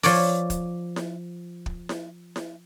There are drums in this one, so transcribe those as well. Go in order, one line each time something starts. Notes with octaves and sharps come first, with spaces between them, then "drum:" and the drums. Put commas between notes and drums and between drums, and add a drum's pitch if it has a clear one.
F3 C#5 D5, drum: open hi-hat
drum: kick, hi-hat
drum: snare E4
drum: kick
drum: snare E4
drum: snare E4